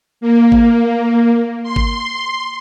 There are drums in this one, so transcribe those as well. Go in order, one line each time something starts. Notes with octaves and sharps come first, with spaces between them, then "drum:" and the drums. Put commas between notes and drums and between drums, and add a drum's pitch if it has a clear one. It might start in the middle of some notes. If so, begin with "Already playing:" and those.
A#3
drum: kick G#1
C6
drum: kick G#1